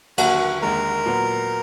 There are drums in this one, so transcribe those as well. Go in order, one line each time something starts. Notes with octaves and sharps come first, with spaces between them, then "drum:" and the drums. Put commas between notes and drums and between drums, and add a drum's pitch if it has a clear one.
D#2 D3 F#3 A#3 F#4, drum: cymbal
D#2 D3 G#3 A#4
A#2 F#3 B3